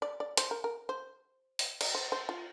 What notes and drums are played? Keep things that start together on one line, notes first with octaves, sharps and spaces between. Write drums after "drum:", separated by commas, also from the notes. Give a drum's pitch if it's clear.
D5
D5
C5, drum: hi-hat
A#4
A#4
C5
drum: open hi-hat
D5, drum: cymbal
C5
C5
F4